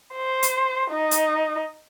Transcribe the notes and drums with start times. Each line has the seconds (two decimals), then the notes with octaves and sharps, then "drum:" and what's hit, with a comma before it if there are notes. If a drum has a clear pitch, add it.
0.15 C5
0.43 drum: hi-hat
0.90 D#4
1.11 drum: hi-hat